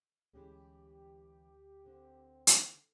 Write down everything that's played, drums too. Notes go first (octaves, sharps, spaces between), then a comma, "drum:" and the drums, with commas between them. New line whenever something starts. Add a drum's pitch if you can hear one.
D2 E3 G#3 C#4 G4
D3 C4
drum: hi-hat